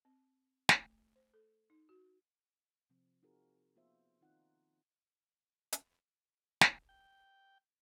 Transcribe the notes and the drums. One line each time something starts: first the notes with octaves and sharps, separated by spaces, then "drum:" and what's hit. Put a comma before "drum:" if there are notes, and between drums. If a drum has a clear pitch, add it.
C4
A3, drum: snare
C5
A4
D#4
F#4
C3 F3 C4
C4 D#4 F4 F#4 G#4 A#4
F3 A#3 B3 F4 C5 E5
D#3 C4 D#4 F4 F#5
drum: hi-hat
drum: snare
G5